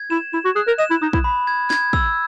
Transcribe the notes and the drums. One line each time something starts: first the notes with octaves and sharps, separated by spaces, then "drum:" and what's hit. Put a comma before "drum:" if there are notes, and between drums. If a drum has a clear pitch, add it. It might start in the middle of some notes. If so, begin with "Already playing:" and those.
Already playing: G#6
E4 E7
E4 E7
F#4
G#4 F#6
A#4
D#5 E7
E4
D#4 D#6
E4, drum: kick
B5
G#6
G#6, drum: snare
E6, drum: kick